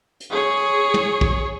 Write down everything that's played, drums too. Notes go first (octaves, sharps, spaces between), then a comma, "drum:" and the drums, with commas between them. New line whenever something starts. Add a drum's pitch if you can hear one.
drum: hi-hat
G#4 C#5
drum: tom
drum: kick